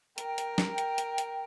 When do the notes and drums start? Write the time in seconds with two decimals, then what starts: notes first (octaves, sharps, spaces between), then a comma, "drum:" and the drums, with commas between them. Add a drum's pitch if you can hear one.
0.18 A#4 G5, drum: hi-hat
0.38 drum: hi-hat
0.58 drum: snare
0.78 drum: hi-hat
0.98 drum: hi-hat
1.18 drum: hi-hat